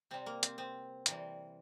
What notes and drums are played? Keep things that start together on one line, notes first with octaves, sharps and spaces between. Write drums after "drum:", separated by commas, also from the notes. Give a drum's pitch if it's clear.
C3 G3 C4
A#3
C4, drum: hi-hat
C4
C3 E3 G3, drum: hi-hat